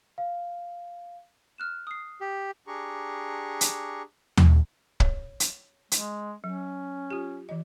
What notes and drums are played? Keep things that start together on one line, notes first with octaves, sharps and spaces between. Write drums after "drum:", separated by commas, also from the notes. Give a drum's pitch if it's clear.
F5
F6 F#6 E7
D#6 C7
G4
D4 G4 G#4 A#5 C#6
drum: hi-hat
drum: tom D#2
C#5, drum: kick
drum: hi-hat
G#3, drum: hi-hat
F#3 C#4
F4 G4
E3 D#5